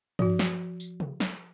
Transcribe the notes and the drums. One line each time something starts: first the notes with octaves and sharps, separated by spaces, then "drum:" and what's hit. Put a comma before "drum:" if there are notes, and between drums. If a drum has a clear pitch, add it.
F3 F#4, drum: tom G2
drum: snare
drum: tambourine
drum: tom C3
drum: snare